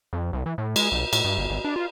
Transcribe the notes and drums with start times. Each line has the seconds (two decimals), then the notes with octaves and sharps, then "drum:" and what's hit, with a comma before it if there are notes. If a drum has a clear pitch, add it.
0.13 F2
0.33 C2
0.46 E3
0.58 A2
0.76 G#3, drum: cymbal
0.92 B1
1.13 A2, drum: cymbal
1.25 G2
1.38 G1
1.50 G#1
1.65 D4
1.76 F4